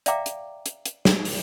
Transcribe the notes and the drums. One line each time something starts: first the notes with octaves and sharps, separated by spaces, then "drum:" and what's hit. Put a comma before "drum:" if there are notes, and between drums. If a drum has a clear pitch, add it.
D5 E5 F5 G5 A#5 D6, drum: hi-hat
drum: hi-hat
drum: hi-hat
drum: hi-hat
drum: snare
drum: open hi-hat